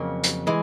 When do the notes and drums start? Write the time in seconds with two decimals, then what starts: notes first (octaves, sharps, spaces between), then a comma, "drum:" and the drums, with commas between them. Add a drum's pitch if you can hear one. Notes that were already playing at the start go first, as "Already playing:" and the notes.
Already playing: F2 C#3 F#3 A#3
0.24 drum: hi-hat
0.47 E3 G#3